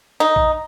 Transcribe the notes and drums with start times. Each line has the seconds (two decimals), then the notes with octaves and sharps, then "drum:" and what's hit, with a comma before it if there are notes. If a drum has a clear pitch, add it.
0.20 D#4
0.36 drum: kick A#1